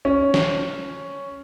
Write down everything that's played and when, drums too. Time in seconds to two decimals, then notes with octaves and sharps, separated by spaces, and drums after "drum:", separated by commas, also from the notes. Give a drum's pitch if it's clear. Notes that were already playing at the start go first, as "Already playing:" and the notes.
0.05 C#4
0.34 drum: snare